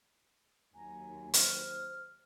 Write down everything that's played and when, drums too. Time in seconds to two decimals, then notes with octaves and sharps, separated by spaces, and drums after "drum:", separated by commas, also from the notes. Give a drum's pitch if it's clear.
0.74 D#2 F#3 G#5 A#5
1.34 C5 F6, drum: hi-hat